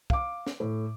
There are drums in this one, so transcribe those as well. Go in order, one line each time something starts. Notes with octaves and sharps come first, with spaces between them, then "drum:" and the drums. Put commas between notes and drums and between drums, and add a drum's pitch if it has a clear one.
F5 D6, drum: kick
drum: snare
A2